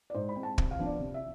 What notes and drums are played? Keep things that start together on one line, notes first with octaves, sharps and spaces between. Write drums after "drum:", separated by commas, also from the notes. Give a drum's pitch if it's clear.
D5
G#2 C5
B5
G#3 C4
A5
C3, drum: kick
F5
F3 B3 D4
D5
C3
E5